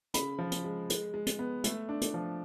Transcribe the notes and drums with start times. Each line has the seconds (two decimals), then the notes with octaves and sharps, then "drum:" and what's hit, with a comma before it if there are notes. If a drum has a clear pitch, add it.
0.14 C#3 B5, drum: hi-hat
0.39 F3
0.52 drum: hi-hat
0.64 G#3
0.90 G#3, drum: hi-hat
1.14 G#3
1.26 drum: hi-hat
1.39 B3
1.64 A3, drum: hi-hat
1.89 D4
2.01 drum: hi-hat
2.14 F3